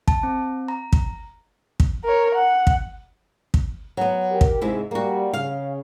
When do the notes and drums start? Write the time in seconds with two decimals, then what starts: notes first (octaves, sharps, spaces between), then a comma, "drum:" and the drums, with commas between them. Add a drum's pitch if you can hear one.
0.08 A5, drum: kick
0.23 C4
0.68 A#5
0.93 drum: kick
1.80 drum: kick
2.04 A#4 C#5
2.35 F#5
2.67 drum: kick
3.54 drum: kick
3.97 F#3 B3
4.30 G4 A#4
4.41 drum: kick
4.62 G#2 C3 G#3 E4
4.91 G3 A#3 F#4
5.33 C#3 F5